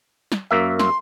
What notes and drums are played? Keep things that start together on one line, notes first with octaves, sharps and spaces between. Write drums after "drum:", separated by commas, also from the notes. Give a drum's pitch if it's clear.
drum: snare
F#2 A#3 E5
C6, drum: snare